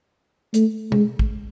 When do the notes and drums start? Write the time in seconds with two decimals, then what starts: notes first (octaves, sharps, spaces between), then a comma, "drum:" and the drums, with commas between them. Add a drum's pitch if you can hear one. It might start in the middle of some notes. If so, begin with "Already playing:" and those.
0.54 A3, drum: hi-hat
0.92 G#3, drum: tom B2
1.19 drum: kick